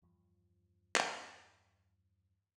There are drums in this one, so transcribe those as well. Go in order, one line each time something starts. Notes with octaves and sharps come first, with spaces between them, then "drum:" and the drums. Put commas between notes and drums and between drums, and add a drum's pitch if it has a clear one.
E2 G2 F3
drum: clap